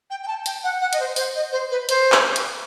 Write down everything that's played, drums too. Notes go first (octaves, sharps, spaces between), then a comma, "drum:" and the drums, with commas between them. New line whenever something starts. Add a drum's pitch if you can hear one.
G5
G5
A5
G5, drum: hi-hat
F#5
F#5
D#5, drum: hi-hat
C5
C5, drum: open hi-hat
D#5
C5
B4
C5, drum: hi-hat
drum: clap
drum: hi-hat